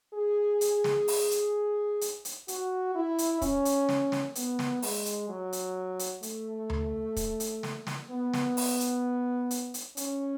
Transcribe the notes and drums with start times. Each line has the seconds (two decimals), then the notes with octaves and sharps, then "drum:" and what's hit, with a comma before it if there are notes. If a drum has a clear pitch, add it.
0.14 G#4
0.61 drum: hi-hat
0.84 drum: snare
1.08 drum: open hi-hat
1.31 drum: hi-hat
2.01 drum: hi-hat
2.25 drum: hi-hat
2.48 F#4, drum: hi-hat
2.95 E4
3.18 drum: hi-hat
3.42 C#4, drum: kick, hi-hat
3.65 drum: hi-hat
3.89 drum: snare
4.12 drum: snare
4.35 B3, drum: hi-hat
4.59 drum: snare
4.82 G#3, drum: open hi-hat
5.06 drum: hi-hat
5.29 F#3
5.53 drum: hi-hat
5.99 drum: hi-hat
6.23 A3, drum: hi-hat
6.70 drum: tom D2
7.16 drum: kick, hi-hat
7.40 drum: hi-hat
7.63 drum: snare
7.87 drum: snare
8.10 B3
8.34 drum: snare
8.57 drum: open hi-hat
8.80 drum: hi-hat
9.51 drum: hi-hat
9.74 drum: hi-hat
9.97 C#4, drum: hi-hat